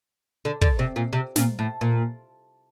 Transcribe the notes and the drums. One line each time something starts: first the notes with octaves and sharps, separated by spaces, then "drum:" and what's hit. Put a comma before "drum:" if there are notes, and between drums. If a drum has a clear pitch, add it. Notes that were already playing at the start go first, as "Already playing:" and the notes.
D3
D3, drum: kick
C3
A#2
C3
A#2, drum: snare
A2
A#2